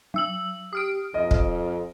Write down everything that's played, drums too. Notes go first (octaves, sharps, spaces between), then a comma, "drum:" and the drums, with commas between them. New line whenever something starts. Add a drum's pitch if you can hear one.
F#3 E6 F#7
G4 D#6 F6 D7
F2 D#5
drum: kick